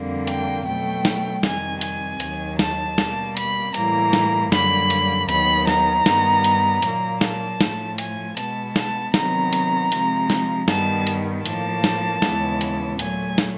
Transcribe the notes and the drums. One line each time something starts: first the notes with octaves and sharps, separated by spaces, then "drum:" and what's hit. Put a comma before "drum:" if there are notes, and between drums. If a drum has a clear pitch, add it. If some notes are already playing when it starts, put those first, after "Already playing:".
Already playing: F2 D3 G3 A#3
G5, drum: hi-hat
B2 F#3 A3 G5
drum: snare
F2 C3 D#3 G3 G#5, drum: snare
G#5, drum: hi-hat
D#2 D#3 F#3, drum: hi-hat
A5, drum: snare
B2 G3 A#3, drum: snare
B5, drum: hi-hat
A2 E3 G3 A#3 A#5, drum: hi-hat
drum: snare
F#2 D3 G3 A#3 B5, drum: snare
drum: hi-hat
D#2 D#3 F#3 B3 B5, drum: hi-hat
A#5, drum: snare
G2 D#3 G3 B3, drum: snare
drum: hi-hat
A#2 F#3 A#3, drum: hi-hat
A5, drum: snare
A2 F3 A3, drum: snare
G#5, drum: hi-hat
B2 G#3 B3 A5, drum: hi-hat
A5, drum: snare
C3 D#3 F#3 B3 A#5, drum: snare
drum: hi-hat
C3 F3 G#3, drum: hi-hat
drum: snare
G2 D#3 G3 B3 A5, drum: snare
drum: hi-hat
A2 F3 A#3 A5, drum: hi-hat
drum: snare
D#2 C#3 E3 G#3 B3, drum: snare
drum: hi-hat
A#2 F#3 A3 G#5, drum: hi-hat
drum: snare